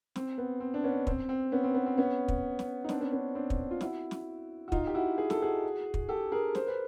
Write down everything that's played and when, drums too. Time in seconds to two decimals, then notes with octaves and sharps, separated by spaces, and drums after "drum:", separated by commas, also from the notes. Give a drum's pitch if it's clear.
0.16 C4, drum: snare
0.38 B3
0.60 C4
0.74 D4
0.84 B3 C#4
1.07 C4, drum: kick
1.29 C4
1.52 B3 C#4
1.64 C4
1.75 B3
1.86 C4
1.98 B3 C#4
2.28 drum: kick
2.59 drum: snare
2.84 D#4
2.89 C4 D4, drum: snare
3.00 B3 C#4
3.12 B3 C#4
3.35 C4 D4
3.50 drum: kick
3.71 F4
3.81 E4 F#4, drum: snare
4.11 drum: snare
4.68 F#4
4.72 D#4 F4, drum: kick
4.87 G4
4.95 E4 F#4
5.18 G#4
5.30 A4, drum: snare
5.42 F#4 G#4
5.94 drum: kick
6.09 G4 A4
6.32 G#4 A#4
6.55 A#4 C5, drum: snare
6.67 B4